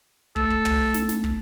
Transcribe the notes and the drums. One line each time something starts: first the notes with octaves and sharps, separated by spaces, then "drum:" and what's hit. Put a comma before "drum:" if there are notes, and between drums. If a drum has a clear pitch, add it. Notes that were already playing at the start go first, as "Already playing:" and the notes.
A3 A4, drum: kick
drum: kick
drum: tom
drum: snare
drum: snare
drum: kick